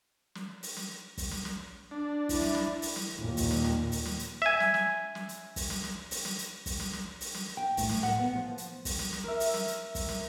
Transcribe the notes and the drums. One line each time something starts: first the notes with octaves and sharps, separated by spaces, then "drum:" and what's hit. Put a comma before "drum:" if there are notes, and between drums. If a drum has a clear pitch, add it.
drum: snare
drum: open hi-hat
drum: snare
drum: kick, open hi-hat
drum: snare
drum: snare
D4
E4, drum: kick, open hi-hat
drum: snare
drum: snare
drum: open hi-hat
drum: snare
D#2 A#2 D#3
drum: kick, open hi-hat
drum: snare
drum: snare
drum: open hi-hat
drum: snare
drum: hi-hat
E5 G#5
drum: snare
drum: snare
drum: snare
drum: hi-hat
drum: kick, open hi-hat
drum: snare
drum: snare
drum: open hi-hat
drum: snare
drum: hi-hat
drum: kick, open hi-hat
drum: snare
drum: snare
drum: open hi-hat
drum: snare
G5
A2, drum: kick, open hi-hat
drum: snare
F#5, drum: snare
B3
F3
drum: hi-hat
drum: kick, open hi-hat
drum: snare
drum: snare
A#4 E5
drum: open hi-hat
drum: snare
drum: hi-hat
drum: kick, open hi-hat
drum: snare